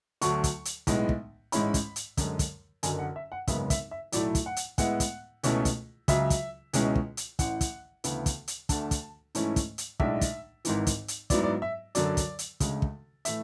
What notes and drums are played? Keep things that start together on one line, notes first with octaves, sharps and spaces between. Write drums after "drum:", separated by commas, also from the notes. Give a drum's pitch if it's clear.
D2 D3 F#3 C#6, drum: hi-hat
drum: kick, hi-hat
drum: hi-hat
B1 A2 G#3 B3, drum: kick, hi-hat
drum: kick
A1 G#2 G#3 C#4 E4 B5, drum: hi-hat
drum: kick, hi-hat
drum: hi-hat
F#2 D3 G#3, drum: kick, hi-hat
drum: kick, hi-hat
F#1 F#2 D3 F#3 G#5, drum: hi-hat
F#5
E5
F#5
G#1 F#2 C#3 G#3 B3 E5, drum: kick, hi-hat
E5, drum: kick, hi-hat
E5
B1 A2 F#3 A3 E4 D5, drum: hi-hat
drum: kick, hi-hat
F#5
drum: hi-hat
A2 G#3 B3 E4 F#5, drum: kick, hi-hat
drum: kick, hi-hat
C#2 B2 A3 C#4 E4, drum: hi-hat
drum: kick, hi-hat
C#2 C#3 F#3 E5, drum: kick, hi-hat
drum: kick, hi-hat
C#2 B2 G#3 C#4 E4, drum: hi-hat
drum: kick
drum: hi-hat
A1 A2 E3 F#5, drum: kick, hi-hat
drum: kick, hi-hat
D2 C#3 E3 B3, drum: hi-hat
drum: kick, hi-hat
drum: hi-hat
D2 D3 A3 D4 A5, drum: kick, hi-hat
drum: kick, hi-hat
G#2 E3 A3 C#4 E4, drum: hi-hat
drum: kick, hi-hat
drum: hi-hat
B1 A2 G#3 D4 E5, drum: kick
drum: kick, hi-hat
G#1 G#2 E3, drum: hi-hat
drum: kick, hi-hat
drum: hi-hat
G#2 F#3 B3 E4 D5, drum: kick, hi-hat
D5
E5
F#2 D3 F#3 D5, drum: hi-hat
drum: kick, hi-hat
drum: hi-hat
D2 C#3 G#3, drum: kick, hi-hat
drum: kick
A2 E3 A3 E5, drum: hi-hat